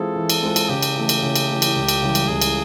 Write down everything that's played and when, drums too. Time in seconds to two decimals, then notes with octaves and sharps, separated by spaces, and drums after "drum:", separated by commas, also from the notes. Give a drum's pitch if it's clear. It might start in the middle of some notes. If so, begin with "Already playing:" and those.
Already playing: E3 G#3 C4 F4 G#4 A4
0.16 E3
0.29 drum: cymbal
0.43 G#3 C4 F4 G#4
0.56 drum: cymbal
0.69 C#3 G4
0.82 drum: cymbal
0.96 E3 A3
1.09 drum: cymbal
1.22 C#3
1.35 drum: cymbal
1.49 E3 A3
1.62 drum: cymbal
1.76 C#2
1.88 drum: cymbal
2.02 C#3 E3 G3
2.15 drum: cymbal
2.28 C#2 G#4
2.41 drum: cymbal